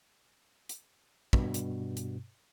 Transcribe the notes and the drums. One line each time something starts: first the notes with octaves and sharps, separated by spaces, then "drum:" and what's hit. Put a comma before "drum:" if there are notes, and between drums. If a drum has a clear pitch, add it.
drum: hi-hat
G2 B2, drum: kick
drum: hi-hat
drum: hi-hat